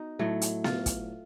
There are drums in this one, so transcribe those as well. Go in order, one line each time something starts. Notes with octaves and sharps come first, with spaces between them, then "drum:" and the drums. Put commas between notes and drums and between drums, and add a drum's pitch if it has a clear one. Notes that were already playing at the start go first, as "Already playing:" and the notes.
Already playing: B3 D#4 F#4
A2 F#3 A3
drum: hi-hat
F4, drum: snare B3
drum: kick, hi-hat